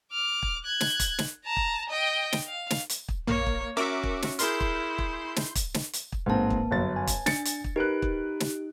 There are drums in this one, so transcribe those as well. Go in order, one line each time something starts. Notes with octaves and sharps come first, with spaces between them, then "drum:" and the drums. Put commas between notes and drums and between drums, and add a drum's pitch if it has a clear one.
D6 F6
drum: kick
F#6 G#6
drum: snare
drum: kick, hi-hat
drum: snare
A5 A#5
drum: kick
D#5 G5
drum: snare
F5
drum: snare
drum: hi-hat
drum: kick
A#3 C#5, drum: tom A#1
drum: kick
C#4 F#4 A#4 E5 D6
drum: kick
drum: snare
E4 G#4 A#4 C6 F6 G6, drum: hi-hat
drum: kick
drum: kick
drum: snare
drum: kick, hi-hat
drum: snare
drum: hi-hat
drum: kick
A1 G#2 A#3 C4 B4 A5
drum: kick
G1 F#2 A6
G#5
drum: kick, hi-hat
D4 A6 C#7, drum: snare
drum: hi-hat
drum: kick
D#4 G4 A#4 B4 F#6 D7
drum: kick
drum: snare